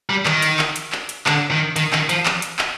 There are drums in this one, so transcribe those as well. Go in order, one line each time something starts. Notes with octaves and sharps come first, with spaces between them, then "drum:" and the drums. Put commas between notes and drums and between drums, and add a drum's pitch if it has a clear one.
G3
D#3, drum: clap
drum: hi-hat
drum: clap
drum: hi-hat
drum: clap
drum: hi-hat
D3, drum: clap
D#3
D#3, drum: hi-hat
D#3, drum: clap
F3, drum: hi-hat
drum: clap
drum: hi-hat
drum: clap